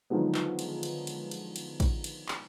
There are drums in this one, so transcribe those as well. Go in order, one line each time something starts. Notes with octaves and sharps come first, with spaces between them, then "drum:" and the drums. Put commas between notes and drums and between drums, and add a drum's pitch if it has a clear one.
D3 D#3 F3 F#3 G#3 B3
drum: clap
drum: cymbal
drum: cymbal
drum: cymbal
drum: cymbal
drum: cymbal
drum: kick A1, cymbal
drum: cymbal
drum: clap